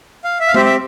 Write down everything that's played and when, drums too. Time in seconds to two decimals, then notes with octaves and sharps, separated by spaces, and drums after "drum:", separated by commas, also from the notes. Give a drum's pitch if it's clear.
0.24 F5
0.40 E5
0.48 F5
0.54 C4 G4 E5, drum: tom G#3
0.65 E5